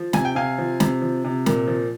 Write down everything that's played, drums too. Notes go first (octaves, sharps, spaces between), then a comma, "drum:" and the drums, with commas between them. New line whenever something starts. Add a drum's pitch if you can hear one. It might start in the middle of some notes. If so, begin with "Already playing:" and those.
Already playing: F3
C3 G#5, drum: snare
G5
C3 F5 G#5
F3
C3, drum: snare
F3
C3
A#2, drum: snare
F3